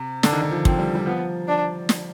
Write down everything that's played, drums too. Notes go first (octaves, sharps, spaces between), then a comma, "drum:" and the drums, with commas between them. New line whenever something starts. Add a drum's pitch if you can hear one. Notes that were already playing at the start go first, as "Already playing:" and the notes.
Already playing: C3
D3 D4, drum: snare
D#3
D3
F3
F3 C4, drum: kick
G3
G3
F3 B3
D4
drum: snare